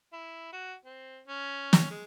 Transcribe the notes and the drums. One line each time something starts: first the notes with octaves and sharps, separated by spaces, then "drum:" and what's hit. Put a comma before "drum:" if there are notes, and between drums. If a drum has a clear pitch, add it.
E4
F#4
C4
C#4
drum: snare
G#3